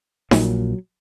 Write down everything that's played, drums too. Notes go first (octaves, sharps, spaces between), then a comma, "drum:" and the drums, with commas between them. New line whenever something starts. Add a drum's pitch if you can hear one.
A#1 A#2 F#3, drum: snare D#4